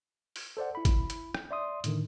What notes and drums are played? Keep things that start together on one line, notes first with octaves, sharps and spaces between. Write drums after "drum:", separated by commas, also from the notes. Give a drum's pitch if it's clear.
drum: open hi-hat
A4 C5 D5 F#5
E4 B5
drum: kick, hi-hat
drum: hi-hat
drum: rim click
D5 E5 C6 D#6
A2 D3 D#3, drum: hi-hat